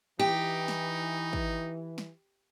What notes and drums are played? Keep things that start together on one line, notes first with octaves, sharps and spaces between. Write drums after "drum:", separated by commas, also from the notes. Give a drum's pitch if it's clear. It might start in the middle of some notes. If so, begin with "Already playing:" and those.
E3 D#4 G4
drum: snare
drum: kick
drum: snare